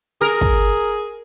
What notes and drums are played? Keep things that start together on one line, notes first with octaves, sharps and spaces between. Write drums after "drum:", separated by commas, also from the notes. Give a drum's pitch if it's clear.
G#4 A#4
drum: kick